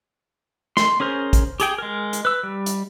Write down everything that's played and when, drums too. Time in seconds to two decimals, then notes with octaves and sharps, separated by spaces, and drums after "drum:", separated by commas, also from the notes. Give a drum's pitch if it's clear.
0.77 C6, drum: snare
1.00 C#4 G#4 A#4 C5
1.33 drum: kick, hi-hat
1.60 G4 G#4 G5, drum: hi-hat
1.78 G#3 A#4
2.13 drum: hi-hat
2.25 B4 E6
2.43 G3
2.66 drum: hi-hat